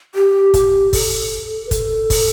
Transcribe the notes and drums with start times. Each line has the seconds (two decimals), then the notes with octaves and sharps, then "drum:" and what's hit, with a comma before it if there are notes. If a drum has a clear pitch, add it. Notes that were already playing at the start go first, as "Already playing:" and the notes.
0.15 G4
0.54 G4, drum: kick, hi-hat
0.93 A4, drum: kick, open hi-hat
1.67 B4
1.71 A4, drum: kick, hi-hat
2.10 drum: kick, open hi-hat